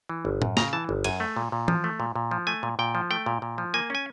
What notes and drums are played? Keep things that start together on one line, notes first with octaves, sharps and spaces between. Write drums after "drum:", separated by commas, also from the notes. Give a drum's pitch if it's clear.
E3
G1
F#2, drum: tom A2
C#3 A#5, drum: snare
E3 A5
G1
F#2 G#5, drum: cymbal
A3
A#2
A#2
F3, drum: tom E3
A3
A#2
A#2
F3
A3 G#5
A#2
A#2 G5
F3
A3 G5
A#2
A#2
F3
A#3 G#5
C#4 G#5